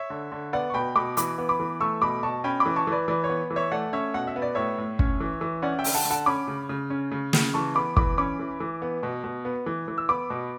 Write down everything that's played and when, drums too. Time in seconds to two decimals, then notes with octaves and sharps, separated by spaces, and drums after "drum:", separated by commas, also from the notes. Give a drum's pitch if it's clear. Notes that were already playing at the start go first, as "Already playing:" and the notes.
Already playing: C#5 E5
0.10 D3
0.32 D3
0.53 B3 D5 F#5
0.70 C#6
0.74 B2 G5 B5
0.96 B2 B5 D6
1.17 E3 B5 D6, drum: hi-hat
1.38 B3
1.49 B5 D6
1.60 E3
1.80 A3 C#6 E6
2.02 B2 B5 D6
2.23 B2 A5 C#6
2.44 C#4 G5 B5
2.60 B5 D6
2.66 E3
2.76 A5 C#6
2.87 E3 B4 D5
3.08 E3 B4 D5
3.24 C#5
3.29 B3
3.51 E3
3.56 C#5 E5
3.72 A3 D5 F#5
3.93 C#4 C#5 E5
4.14 B2 F#5
4.27 E5
4.36 B3
4.42 D5
4.55 A2 C#5 E5
4.78 A2
4.99 C#4, drum: kick
5.20 E3
5.41 E3
5.62 C#4 D5 F#5
5.79 E5 G5
5.84 D3, drum: open hi-hat
5.95 F#5 A5
6.05 D3
6.11 F#5 A5
6.26 C#4 B5 D6
6.48 C#3
6.69 C#3
6.90 C#4
7.11 C#3
7.33 C#3, drum: snare
7.54 E3 A5 C#6
7.75 B3 B5 D6
7.97 E3 B5 D6, drum: kick
8.18 C#4 B5 D6
8.39 E3
8.60 E3
8.82 B3
9.03 B2
9.24 B2
9.45 B3
9.66 E3
9.88 E3
9.98 E6
10.09 B3 B5 D6
10.30 B2